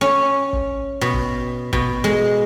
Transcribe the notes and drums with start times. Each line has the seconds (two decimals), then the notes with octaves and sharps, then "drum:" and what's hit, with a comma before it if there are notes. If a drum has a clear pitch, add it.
0.01 C#4
0.53 drum: kick
1.01 B2
1.13 drum: kick
1.73 B2, drum: kick
2.04 G#3